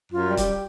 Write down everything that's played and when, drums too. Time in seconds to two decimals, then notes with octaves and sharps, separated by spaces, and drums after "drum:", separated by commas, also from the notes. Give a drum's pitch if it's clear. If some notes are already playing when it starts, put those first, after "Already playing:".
0.12 F#2 F4
0.29 G3
0.37 G4, drum: kick, hi-hat